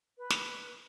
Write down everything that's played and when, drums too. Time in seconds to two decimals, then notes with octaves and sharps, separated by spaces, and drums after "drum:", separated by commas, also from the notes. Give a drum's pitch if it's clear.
0.18 B4
0.30 drum: snare